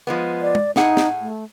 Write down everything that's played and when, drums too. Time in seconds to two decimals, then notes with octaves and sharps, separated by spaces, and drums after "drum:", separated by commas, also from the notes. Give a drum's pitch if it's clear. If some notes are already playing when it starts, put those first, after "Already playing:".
0.07 F3 G#3 B3
0.42 D5
0.55 drum: tom
0.76 A2 D#4 G#4 F#5, drum: snare
0.97 drum: snare
1.21 A3